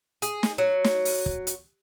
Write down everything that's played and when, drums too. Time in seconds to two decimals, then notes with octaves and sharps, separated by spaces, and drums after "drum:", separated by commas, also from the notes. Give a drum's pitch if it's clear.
0.22 G#4, drum: hi-hat
0.43 drum: snare
0.58 F#3
0.84 drum: snare
1.05 drum: open hi-hat
1.26 drum: kick
1.47 drum: hi-hat